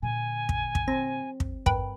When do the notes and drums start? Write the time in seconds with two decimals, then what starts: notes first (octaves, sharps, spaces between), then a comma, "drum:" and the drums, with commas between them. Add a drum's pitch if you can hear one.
0.02 A#2 D3 G#5
0.49 drum: kick
0.75 drum: kick
0.88 C4 A#6
1.40 drum: kick
1.66 G2 A#4 B4 G5 B5, drum: kick